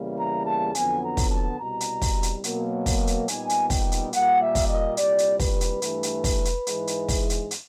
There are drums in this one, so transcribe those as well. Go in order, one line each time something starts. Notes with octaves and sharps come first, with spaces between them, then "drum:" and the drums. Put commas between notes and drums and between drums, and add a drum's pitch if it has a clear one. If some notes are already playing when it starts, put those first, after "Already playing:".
Already playing: E2 C#3 E3 G3 A#3
A#5
A5
F2 D3 F#3 B3 G#5, drum: hi-hat
A#5
drum: kick, open hi-hat
A5
C2 B2 G3 A#5
drum: hi-hat
drum: kick, open hi-hat
drum: hi-hat
B2 F#3 A#3, drum: hi-hat
drum: kick, open hi-hat
drum: hi-hat
A#2 G3 B3 D#4 G#5, drum: hi-hat
drum: hi-hat
G5, drum: kick, open hi-hat
drum: hi-hat
A#2 G3 A#3 F#5, drum: hi-hat
E5
drum: kick, open hi-hat
D#5
C2 A#2 G3 D5, drum: hi-hat
drum: hi-hat
B4, drum: kick, open hi-hat
drum: hi-hat
G2 E3 A3, drum: hi-hat
drum: hi-hat
drum: kick, open hi-hat
drum: hi-hat
G#2 E3 G#3, drum: hi-hat
drum: hi-hat
drum: kick, open hi-hat
drum: hi-hat
drum: hi-hat